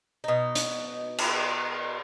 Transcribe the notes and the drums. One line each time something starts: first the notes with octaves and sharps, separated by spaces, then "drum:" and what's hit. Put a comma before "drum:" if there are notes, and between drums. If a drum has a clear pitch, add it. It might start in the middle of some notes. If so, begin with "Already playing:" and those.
B2 D#4
drum: hi-hat
drum: cymbal